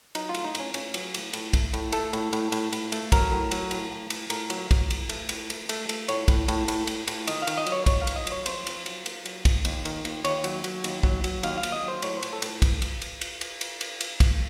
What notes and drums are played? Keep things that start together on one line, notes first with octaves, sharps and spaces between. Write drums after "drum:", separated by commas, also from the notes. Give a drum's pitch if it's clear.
F#3 D#4, drum: cymbal
F4
A3, drum: cymbal
D#4
A2 C#4, drum: cymbal
A2 C#4, drum: cymbal
F#3, drum: cymbal
A2, drum: cymbal
A2, drum: cymbal
A3, drum: kick, cymbal
A2, drum: cymbal
A3 A4, drum: cymbal
A2, drum: cymbal
A2, drum: cymbal
A2, drum: cymbal
A2, drum: cymbal
A3, drum: cymbal
F#3 A#4, drum: kick, cymbal
A2
F#3, drum: cymbal
A2, drum: cymbal
A2
A2, drum: cymbal
A2 A#4, drum: cymbal
F#3, drum: cymbal
F#3, drum: kick, cymbal
A2, drum: cymbal
A3, drum: cymbal
A2, drum: cymbal
A3, drum: cymbal
A3, drum: cymbal
A3, drum: cymbal
A2 C#5, drum: cymbal
A2, drum: kick, cymbal
A2, drum: cymbal
A2, drum: cymbal
A2, drum: cymbal
A2, drum: cymbal
D#3 D#5, drum: cymbal
F5
D#3, drum: cymbal
D#5
F#3, drum: cymbal
C#5
D#3 C#5, drum: kick, cymbal
F5
D#3, drum: cymbal
D#5
F#3, drum: cymbal
C#5
F2 C5, drum: cymbal
F2, drum: cymbal
F#3, drum: cymbal
A#3, drum: cymbal
F#3, drum: cymbal
F2, drum: kick, cymbal
D#2, drum: cymbal
D#3, drum: cymbal
D#2, drum: cymbal
D#2 C#5, drum: cymbal
F#3, drum: cymbal
F#3, drum: cymbal
D#2, drum: cymbal
F#3, drum: kick
F#3, drum: cymbal
D#2 F5, drum: cymbal
F5
D#2, drum: cymbal
D#5
F#3 C5
A2 C#5, drum: cymbal
C5
A2, drum: cymbal
A4
A2, drum: cymbal
drum: kick, cymbal
drum: cymbal
drum: cymbal
drum: cymbal
drum: cymbal
drum: cymbal
drum: cymbal
drum: cymbal
drum: kick, cymbal